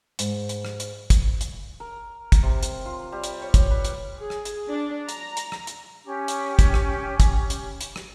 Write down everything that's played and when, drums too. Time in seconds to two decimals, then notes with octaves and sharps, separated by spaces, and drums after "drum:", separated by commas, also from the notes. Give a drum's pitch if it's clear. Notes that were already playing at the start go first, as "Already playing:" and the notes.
0.19 G#2, drum: hi-hat
0.49 drum: hi-hat
0.65 drum: rim click
0.80 drum: hi-hat
1.10 drum: kick, hi-hat
1.41 drum: hi-hat
1.80 A#4
2.32 drum: kick, hi-hat
2.43 C3
2.63 drum: hi-hat
2.86 F4
3.12 G3
3.24 drum: hi-hat
3.42 C#5
3.54 drum: kick, hi-hat
3.71 B4
3.84 drum: hi-hat
4.20 G#4
4.30 drum: rim click
4.45 drum: hi-hat
4.69 D4
5.09 A#5, drum: hi-hat
5.37 drum: hi-hat
5.52 drum: rim click
5.67 drum: hi-hat
6.05 C#4 G4
6.28 drum: hi-hat
6.59 drum: kick, hi-hat
6.74 drum: rim click
7.20 drum: kick, hi-hat
7.50 drum: hi-hat
7.81 drum: hi-hat
7.96 drum: rim click